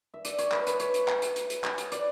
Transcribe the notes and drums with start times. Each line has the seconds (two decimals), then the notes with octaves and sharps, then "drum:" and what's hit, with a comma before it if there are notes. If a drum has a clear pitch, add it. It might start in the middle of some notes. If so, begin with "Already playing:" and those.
0.14 E5
0.25 D5, drum: hi-hat
0.39 C#5, drum: hi-hat
0.52 B4, drum: clap
0.67 B4, drum: hi-hat
0.80 C#5, drum: hi-hat
0.94 drum: hi-hat
1.08 drum: clap
1.22 drum: hi-hat
1.36 drum: hi-hat
1.50 drum: hi-hat
1.64 drum: clap
1.78 drum: hi-hat
1.92 D5, drum: hi-hat